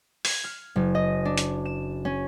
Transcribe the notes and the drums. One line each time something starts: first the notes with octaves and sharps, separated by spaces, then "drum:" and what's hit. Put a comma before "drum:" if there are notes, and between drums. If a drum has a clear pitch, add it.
G#6, drum: open hi-hat
F6
F#1
D#5
D4
drum: hi-hat
E7
C#4